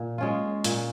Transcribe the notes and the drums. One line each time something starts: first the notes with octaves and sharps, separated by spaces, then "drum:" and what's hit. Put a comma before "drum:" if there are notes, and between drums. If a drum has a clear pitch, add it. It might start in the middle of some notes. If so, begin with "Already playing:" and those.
Already playing: A#2
G#3 C#4 F4
A#2, drum: hi-hat